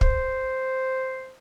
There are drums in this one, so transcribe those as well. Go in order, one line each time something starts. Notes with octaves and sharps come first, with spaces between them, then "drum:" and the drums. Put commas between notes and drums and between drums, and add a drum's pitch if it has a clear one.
C5, drum: kick